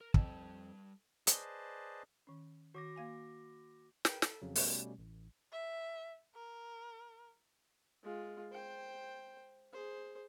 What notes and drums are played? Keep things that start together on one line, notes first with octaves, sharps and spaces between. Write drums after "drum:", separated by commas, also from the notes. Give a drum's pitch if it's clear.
A#4
F2 G3 A5, drum: kick
G#4 B4 C5 D5 D#5 A5, drum: hi-hat
D#3 C#4
D#3 F#4 D6 A#6
A#3 F5 G#5
G#4 A#4 B4 G5, drum: snare
A4, drum: snare
F2 C#3 F#3
B2 G3 A3 C#4, drum: open hi-hat
A1
E5
A#4
G#3 F4
C5 G5
G#4 C5